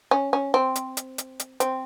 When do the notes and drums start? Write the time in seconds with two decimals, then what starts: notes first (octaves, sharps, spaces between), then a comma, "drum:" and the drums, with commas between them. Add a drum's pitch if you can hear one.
0.11 C#4
0.33 C#4
0.54 C4
0.76 drum: hi-hat
0.97 drum: hi-hat
1.18 drum: hi-hat
1.40 drum: hi-hat
1.60 C4, drum: hi-hat